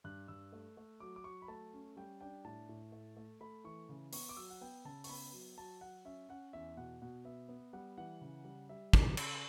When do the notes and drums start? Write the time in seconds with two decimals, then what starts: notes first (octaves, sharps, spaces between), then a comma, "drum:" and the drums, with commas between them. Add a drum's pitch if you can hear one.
0.04 G2 F#6
0.28 G2 E6
0.53 A3
0.77 A3
1.00 F#3 D6
1.16 D6
1.24 F#3 C#6
1.42 B5
1.48 A3 A5
1.73 C#4
1.97 G3 G5
2.21 D4 G5
2.44 A2 A5
2.69 A2
2.92 A3
3.17 A3
3.41 A3 B5
3.64 E3 C#6
3.89 C#3
4.13 B3 C#6, drum: open hi-hat
4.29 D6
4.37 F#3 E6
4.50 F#5
4.61 B3 G5
4.85 C#3 A5
5.04 C#6, drum: open hi-hat
5.09 B3 B5
5.32 F#3
5.57 F#3 A5
5.81 F#3 F#5
6.05 C#4 E5
6.29 C#4 F#5
6.53 E2 E5
6.77 B2 F#5
7.02 B2 F#5
7.25 B3 E5
7.49 B3
7.73 G3 F#5
7.98 E3 F#5
8.21 C#3
8.45 G3
8.69 G3 E5
8.93 C#4 D6, drum: kick
9.17 C#3, drum: cymbal